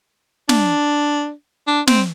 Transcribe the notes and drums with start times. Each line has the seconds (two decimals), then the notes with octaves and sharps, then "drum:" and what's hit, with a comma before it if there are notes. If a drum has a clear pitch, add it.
0.49 D4, drum: snare
1.67 D4
1.87 C4, drum: snare